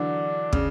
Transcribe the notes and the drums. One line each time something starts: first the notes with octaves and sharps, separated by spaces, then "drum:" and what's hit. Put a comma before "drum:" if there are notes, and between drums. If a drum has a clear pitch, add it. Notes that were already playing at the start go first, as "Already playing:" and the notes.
Already playing: D3 E3 F#3 D4
C#3, drum: kick